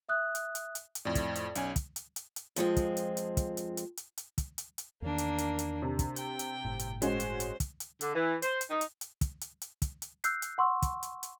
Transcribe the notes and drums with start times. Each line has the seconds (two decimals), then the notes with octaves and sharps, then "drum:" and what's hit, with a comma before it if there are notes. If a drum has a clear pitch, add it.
0.09 E5 D#6 F#6
0.35 drum: hi-hat
0.55 drum: hi-hat
0.75 drum: hi-hat
0.95 drum: hi-hat
1.05 F2 A2 D5
1.15 drum: kick, hi-hat
1.35 drum: hi-hat
1.55 B1 C#4 G#5, drum: hi-hat
1.76 drum: kick, hi-hat
1.96 drum: hi-hat
2.16 drum: hi-hat
2.36 drum: hi-hat
2.56 F2 F3 G#3 C4, drum: hi-hat
2.76 drum: kick, hi-hat
2.97 drum: hi-hat
3.17 drum: hi-hat
3.37 drum: kick, hi-hat
3.57 drum: hi-hat
3.77 drum: hi-hat
3.97 drum: hi-hat
4.18 drum: hi-hat
4.38 drum: kick, hi-hat
4.58 drum: hi-hat
4.78 drum: hi-hat
5.02 E2 D#3 A#3 D4
5.18 drum: hi-hat
5.38 drum: hi-hat
5.59 drum: hi-hat
5.82 C3
5.99 drum: kick, hi-hat
6.16 G5, drum: hi-hat
6.39 drum: hi-hat
6.65 G1 A2
6.79 drum: hi-hat
7.02 G#3 C#4 F#4 C5, drum: hi-hat
7.20 drum: hi-hat
7.40 drum: hi-hat
7.60 drum: kick, hi-hat
7.80 drum: hi-hat
8.01 D3, drum: hi-hat
8.14 E3
8.42 C5, drum: hi-hat
8.61 drum: hi-hat
8.70 D#4
8.81 drum: hi-hat
9.01 drum: hi-hat
9.21 drum: kick, hi-hat
9.41 drum: hi-hat
9.62 drum: hi-hat
9.82 drum: kick, hi-hat
10.02 drum: hi-hat
10.24 E6 F#6 G6 C7, drum: hi-hat
10.42 drum: hi-hat
10.58 F#5 C6 C#6 E6
10.82 drum: kick, hi-hat
11.03 drum: hi-hat
11.23 drum: hi-hat